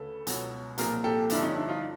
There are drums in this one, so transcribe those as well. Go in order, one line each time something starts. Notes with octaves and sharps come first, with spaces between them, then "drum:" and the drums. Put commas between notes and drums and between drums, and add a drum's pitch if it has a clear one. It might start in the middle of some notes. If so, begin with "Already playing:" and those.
Already playing: D2 C#3 A4 B4
C#2 B2 F#3, drum: hi-hat
C2 A#2 F3 G#4 A#4, drum: hi-hat
G4 A4
G2 D3 F3 D4 E4, drum: hi-hat
C#4 D#4
D4 E4
D#4 F4